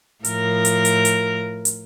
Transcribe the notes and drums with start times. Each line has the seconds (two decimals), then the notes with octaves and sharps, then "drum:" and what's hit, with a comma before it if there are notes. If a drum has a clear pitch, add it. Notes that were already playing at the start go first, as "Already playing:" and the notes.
0.25 A2 F3 A#4, drum: hi-hat
0.65 drum: hi-hat
0.85 drum: hi-hat
1.05 drum: hi-hat
1.65 drum: hi-hat